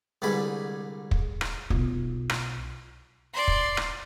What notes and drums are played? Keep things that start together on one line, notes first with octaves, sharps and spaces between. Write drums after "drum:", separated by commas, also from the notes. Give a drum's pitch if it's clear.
C2 G#2 D3 G#3 B4 B5
drum: kick
drum: rim click
B1 F4, drum: kick
drum: rim click
D5 C6
drum: kick
drum: rim click